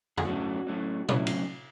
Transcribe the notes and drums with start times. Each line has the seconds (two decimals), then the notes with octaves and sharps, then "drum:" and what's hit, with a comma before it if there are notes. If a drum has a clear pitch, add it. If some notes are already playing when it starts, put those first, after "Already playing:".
0.17 G#4, drum: tom E2
0.24 A2 F#3 A3 C#4 F#4
0.67 A2 F#3 A3 C#4
1.09 A2 F#3 A3 C#4 E4, drum: tom A#2
1.27 drum: cymbal